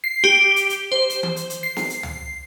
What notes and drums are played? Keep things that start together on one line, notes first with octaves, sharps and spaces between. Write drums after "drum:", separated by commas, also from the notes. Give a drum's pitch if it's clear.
C7
G4
drum: hi-hat
drum: hi-hat
C5
drum: hi-hat
drum: tom E3
drum: hi-hat
drum: hi-hat
C7
drum: snare
drum: hi-hat
drum: tom